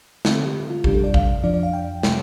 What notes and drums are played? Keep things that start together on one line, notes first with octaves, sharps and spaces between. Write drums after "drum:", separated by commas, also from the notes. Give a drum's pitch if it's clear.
D3 A3 C4, drum: snare
A4
G4
F4
F2 C3 G3 D4 G4, drum: kick A1
A4
D5
F5, drum: kick A1
F2 F3 D4 D5
D5
F5
G5
C3 G3, drum: snare